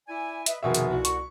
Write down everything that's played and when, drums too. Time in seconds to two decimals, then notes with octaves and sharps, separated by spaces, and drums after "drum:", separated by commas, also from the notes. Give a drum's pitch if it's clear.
0.08 E4 D5 G#5
0.46 B4 D#5 E5, drum: hi-hat
0.63 F1 B2 D#3 G#4 E5
0.74 drum: hi-hat
0.90 C2 F#4
1.05 C#6, drum: hi-hat